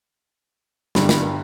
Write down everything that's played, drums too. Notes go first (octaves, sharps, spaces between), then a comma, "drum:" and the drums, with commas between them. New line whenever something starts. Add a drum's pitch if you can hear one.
G1 G2 D3 G3, drum: snare
drum: snare